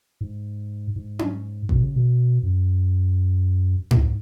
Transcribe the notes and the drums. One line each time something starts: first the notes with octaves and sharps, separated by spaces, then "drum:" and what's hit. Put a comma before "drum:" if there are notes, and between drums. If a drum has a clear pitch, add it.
G#2
G#2
drum: tom C#4
B2, drum: kick A1
C#3
B2
F#2
E2, drum: tom G#2